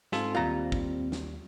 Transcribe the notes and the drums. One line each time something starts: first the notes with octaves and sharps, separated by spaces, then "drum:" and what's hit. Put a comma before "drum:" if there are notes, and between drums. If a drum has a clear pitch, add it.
G#2 C4 F4 A4, drum: snare
D#2 G3 F4 A#5
drum: kick
drum: snare